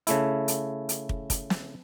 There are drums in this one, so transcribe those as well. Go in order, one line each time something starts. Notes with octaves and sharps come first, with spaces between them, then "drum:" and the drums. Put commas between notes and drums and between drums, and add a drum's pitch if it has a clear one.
C#3 A3 E4, drum: hi-hat
drum: hi-hat
drum: hi-hat
drum: kick
drum: kick, hi-hat
drum: snare